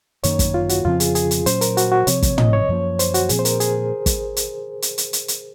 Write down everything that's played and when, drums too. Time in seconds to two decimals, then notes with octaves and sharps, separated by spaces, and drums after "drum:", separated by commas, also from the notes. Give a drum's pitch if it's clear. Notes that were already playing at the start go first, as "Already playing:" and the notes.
0.24 F#2 D#3 A#3 C#5, drum: hi-hat
0.39 drum: kick, hi-hat
0.54 F4
0.69 F#4, drum: hi-hat
0.85 F2 C#3 F3 C4 F4
1.00 G#4, drum: hi-hat
1.15 G#4, drum: hi-hat
1.31 drum: hi-hat
1.46 A#2 F#3 C#4 C5, drum: hi-hat
1.61 A#4, drum: hi-hat
1.77 F#4, drum: hi-hat
1.92 F#4
2.07 C3 F3 C4 C#5, drum: hi-hat
2.22 drum: kick, hi-hat
2.38 D#5, drum: tom
2.53 C#5
2.69 F#2 F3 A#3
2.99 C5, drum: hi-hat
3.14 F#4, drum: hi-hat
3.29 A#2 F3 C4 G#4, drum: hi-hat
3.39 C5
3.45 A#4, drum: hi-hat
3.60 G#4, drum: hi-hat
4.06 drum: kick, hi-hat
4.36 drum: hi-hat
4.82 drum: hi-hat
4.98 drum: hi-hat
5.13 drum: hi-hat
5.28 drum: hi-hat